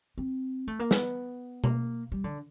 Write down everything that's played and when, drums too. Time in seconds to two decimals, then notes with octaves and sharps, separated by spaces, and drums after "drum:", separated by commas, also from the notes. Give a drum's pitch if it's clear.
0.18 C4
0.67 A3
0.79 A#3
0.91 B3, drum: snare
1.64 A#3, drum: tom B2
2.12 G3
2.24 D3